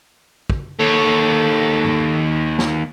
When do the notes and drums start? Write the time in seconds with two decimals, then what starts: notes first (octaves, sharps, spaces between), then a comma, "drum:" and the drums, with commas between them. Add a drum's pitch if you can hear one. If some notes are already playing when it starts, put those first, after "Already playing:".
0.50 drum: kick
0.79 D#2 A4 C#5
1.84 drum: tom
2.59 drum: snare